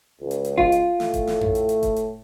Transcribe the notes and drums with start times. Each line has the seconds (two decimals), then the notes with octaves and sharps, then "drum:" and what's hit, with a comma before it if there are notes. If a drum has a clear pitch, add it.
0.21 C#2
0.31 drum: hi-hat
0.45 drum: hi-hat
0.58 F4, drum: kick F1
0.72 drum: hi-hat
1.00 A2 A3, drum: snare
1.14 drum: kick F1, hi-hat
1.27 drum: snare
1.41 drum: tom F2
1.55 drum: hi-hat
1.69 drum: hi-hat
1.83 drum: kick F1, hi-hat
1.96 drum: hi-hat